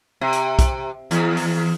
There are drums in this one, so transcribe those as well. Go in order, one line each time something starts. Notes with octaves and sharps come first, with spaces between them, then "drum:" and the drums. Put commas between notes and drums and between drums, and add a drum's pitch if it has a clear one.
C3
drum: hi-hat
drum: kick, hi-hat
E2, drum: hi-hat
drum: open hi-hat